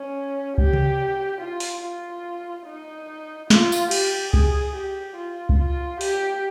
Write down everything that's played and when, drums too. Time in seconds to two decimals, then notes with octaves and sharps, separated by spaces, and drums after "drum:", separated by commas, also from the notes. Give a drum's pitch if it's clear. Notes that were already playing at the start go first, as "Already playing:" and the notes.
Already playing: C#4
0.58 G4, drum: kick C#2
0.73 drum: tom C3
1.41 F4
1.60 drum: open hi-hat
1.82 F4
2.66 D#4
3.50 F4, drum: snare
3.72 drum: tambourine
3.91 G4, drum: cymbal
4.33 G#4, drum: kick C#2
4.76 G4
5.16 F4
5.49 drum: kick C#2
5.58 F4
6.01 G4, drum: open hi-hat